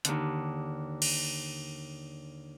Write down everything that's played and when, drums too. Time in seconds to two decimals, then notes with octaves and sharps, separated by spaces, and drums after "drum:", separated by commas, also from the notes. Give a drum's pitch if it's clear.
0.05 D#2 D3, drum: hi-hat
1.02 drum: cymbal